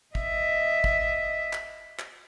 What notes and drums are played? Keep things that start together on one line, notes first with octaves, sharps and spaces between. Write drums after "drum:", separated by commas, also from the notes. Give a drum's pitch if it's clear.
D#5 E5, drum: kick
drum: kick
drum: clap
drum: clap